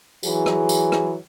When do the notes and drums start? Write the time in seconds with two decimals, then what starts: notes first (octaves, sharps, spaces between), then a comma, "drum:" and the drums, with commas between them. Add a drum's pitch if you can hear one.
0.23 E3 F#3 G#4, drum: tambourine
0.46 drum: rim click
0.69 drum: tambourine
0.92 drum: rim click